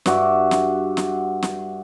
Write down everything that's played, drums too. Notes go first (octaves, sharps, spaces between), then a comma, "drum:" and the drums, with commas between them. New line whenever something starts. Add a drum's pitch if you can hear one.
G2 F#4 D5 E5, drum: snare
drum: snare
drum: snare
drum: snare